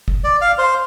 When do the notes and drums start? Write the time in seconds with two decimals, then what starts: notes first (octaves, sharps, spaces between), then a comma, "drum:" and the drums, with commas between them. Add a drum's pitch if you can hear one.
0.08 drum: kick
0.24 D5
0.41 F5
0.58 C5